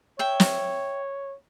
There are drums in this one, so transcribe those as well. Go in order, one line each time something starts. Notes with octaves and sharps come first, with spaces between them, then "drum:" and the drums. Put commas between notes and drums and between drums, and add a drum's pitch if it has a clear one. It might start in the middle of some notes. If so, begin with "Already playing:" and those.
C#5 E5 G5
drum: snare